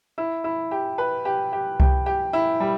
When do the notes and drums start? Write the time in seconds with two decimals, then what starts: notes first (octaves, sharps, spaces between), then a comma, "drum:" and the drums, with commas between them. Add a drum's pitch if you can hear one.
0.18 E4
0.44 E4
0.71 G4
0.98 B4
1.25 G4
1.53 G4
1.80 G4, drum: kick C2
2.06 G4
2.33 E4
2.60 G3